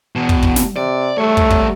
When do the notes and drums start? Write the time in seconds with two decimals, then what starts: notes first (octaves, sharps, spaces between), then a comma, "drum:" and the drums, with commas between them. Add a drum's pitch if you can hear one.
0.16 E2 B2
0.29 drum: kick
0.43 drum: kick
0.56 drum: snare
0.76 C3 D5
1.18 G3 A3 C#5
1.37 drum: kick
1.50 drum: kick